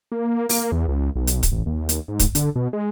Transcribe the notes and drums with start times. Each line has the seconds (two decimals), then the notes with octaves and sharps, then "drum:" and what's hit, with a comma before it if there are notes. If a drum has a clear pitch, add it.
0.12 A#3
0.49 A#3, drum: open hi-hat
0.72 E2
0.88 C#2
1.16 B1
1.27 drum: hi-hat
1.43 drum: kick, hi-hat
1.52 A1
1.66 D#2
1.89 drum: hi-hat
2.08 G#2
2.19 drum: kick, hi-hat
2.35 D3, drum: hi-hat
2.56 B2
2.73 G#3